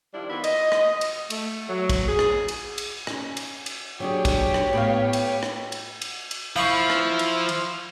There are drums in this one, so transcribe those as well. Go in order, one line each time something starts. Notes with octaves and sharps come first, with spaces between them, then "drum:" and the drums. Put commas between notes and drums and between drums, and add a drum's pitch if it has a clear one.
D#3 F3 G3 D4 E4 F4
D#3 A#3 B3 E4 F4
D#5, drum: cymbal
drum: rim click
drum: cymbal
A3, drum: cymbal
F#3
drum: kick, cymbal
G#4
drum: rim click
drum: cymbal
drum: cymbal
C#4, drum: rim click
drum: cymbal
drum: cymbal
F#3 D4 G4 G#4 C#5
drum: kick, cymbal
drum: rim click
A2 B3 F5
drum: cymbal
drum: rim click
drum: cymbal
drum: cymbal
drum: cymbal
F3 E4 F5 B5 C#6
drum: rim click
drum: cymbal
drum: cymbal